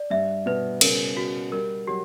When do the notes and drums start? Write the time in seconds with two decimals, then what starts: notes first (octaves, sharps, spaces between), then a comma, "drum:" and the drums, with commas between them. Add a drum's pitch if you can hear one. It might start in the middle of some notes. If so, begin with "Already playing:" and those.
Already playing: D5
0.10 G2 E5
0.46 B2 B4
0.81 C#3 A#4, drum: cymbal
1.17 F#4
1.52 G3 A#4
1.87 F#3 G4